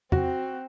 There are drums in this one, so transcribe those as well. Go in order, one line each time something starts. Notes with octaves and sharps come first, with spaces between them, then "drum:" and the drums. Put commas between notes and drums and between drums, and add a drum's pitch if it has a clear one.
C4 F#4, drum: tom E2